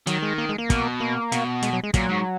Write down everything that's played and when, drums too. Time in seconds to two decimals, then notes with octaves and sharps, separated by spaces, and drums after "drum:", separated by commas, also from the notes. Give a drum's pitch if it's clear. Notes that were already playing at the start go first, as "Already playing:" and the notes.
0.07 D#3 F#3, drum: hi-hat
0.22 G#3
0.38 A#3
0.49 G#3
0.58 A#3
0.70 B2, drum: kick, hi-hat
1.00 A#3
1.32 B2, drum: hi-hat
1.63 G#3, drum: hi-hat
1.73 F#3
1.83 G#3
1.94 A#2 F#3, drum: kick, hi-hat
2.09 G#2